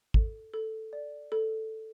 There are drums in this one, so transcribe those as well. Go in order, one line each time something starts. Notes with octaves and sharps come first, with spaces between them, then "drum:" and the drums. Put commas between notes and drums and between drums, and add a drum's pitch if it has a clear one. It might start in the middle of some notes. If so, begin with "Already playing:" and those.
A4, drum: kick
A4
D5
A4